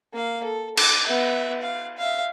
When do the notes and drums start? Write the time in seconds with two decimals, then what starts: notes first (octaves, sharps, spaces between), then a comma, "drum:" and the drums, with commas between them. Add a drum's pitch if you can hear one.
0.13 A#3 F5
0.44 A4
0.77 D6, drum: cymbal
1.07 B3 E5
1.62 F5
1.98 E5 F5